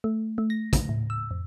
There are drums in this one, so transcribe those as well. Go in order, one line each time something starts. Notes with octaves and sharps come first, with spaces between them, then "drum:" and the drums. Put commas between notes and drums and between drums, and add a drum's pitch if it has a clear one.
A3
A3
A#6
drum: kick, hi-hat
A2
E6
F2